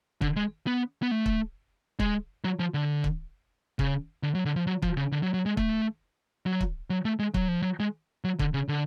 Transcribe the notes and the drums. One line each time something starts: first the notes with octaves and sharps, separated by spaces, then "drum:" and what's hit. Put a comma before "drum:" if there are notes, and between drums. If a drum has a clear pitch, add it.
D3, drum: kick
G#3
B3
B3
A3
drum: kick
G#3, drum: kick
F#3
F3
D3
drum: kick
C#3, drum: kick
D3
F#3
D3
F3
F#3
F3, drum: kick
C#3
D3
F#3
F#3
G#3
A3, drum: kick
F#3
drum: kick
F#3
A3
G#3
F#3, drum: kick
F3
F#3
G#3
F#3
D3, drum: kick
C#3
D3